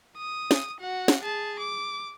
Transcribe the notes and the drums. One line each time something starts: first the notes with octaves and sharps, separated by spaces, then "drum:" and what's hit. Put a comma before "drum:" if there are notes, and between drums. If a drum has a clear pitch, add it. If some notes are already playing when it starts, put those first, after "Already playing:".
D#6
drum: snare
F#4 F#5
drum: snare
G#4 A5
D6